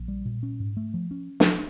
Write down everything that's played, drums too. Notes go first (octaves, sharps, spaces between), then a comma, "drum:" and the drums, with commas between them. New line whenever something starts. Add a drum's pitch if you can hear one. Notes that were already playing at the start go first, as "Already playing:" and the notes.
Already playing: A#1
G3
A#2
C#4
G#2
A3
F3
C#4
drum: snare